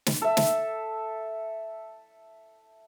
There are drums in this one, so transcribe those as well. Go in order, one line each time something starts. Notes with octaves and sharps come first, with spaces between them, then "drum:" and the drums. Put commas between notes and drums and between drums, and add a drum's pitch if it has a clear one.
drum: snare
A4 E5
drum: snare